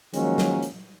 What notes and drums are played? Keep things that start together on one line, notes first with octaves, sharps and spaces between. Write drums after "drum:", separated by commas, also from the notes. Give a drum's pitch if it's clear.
D#3 F3 F#3 G#3 A#3 C#4, drum: hi-hat
drum: snare
drum: hi-hat